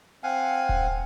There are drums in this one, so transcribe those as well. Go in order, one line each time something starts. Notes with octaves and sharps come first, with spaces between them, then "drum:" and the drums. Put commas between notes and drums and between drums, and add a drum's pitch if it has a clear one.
C4 F5 F#5 G#5
drum: kick D#1